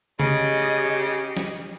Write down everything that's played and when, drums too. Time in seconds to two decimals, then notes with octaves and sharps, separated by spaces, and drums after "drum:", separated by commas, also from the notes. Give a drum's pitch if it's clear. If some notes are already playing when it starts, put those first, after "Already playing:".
0.20 C#3 G4 D#5, drum: tom C#3
1.37 drum: snare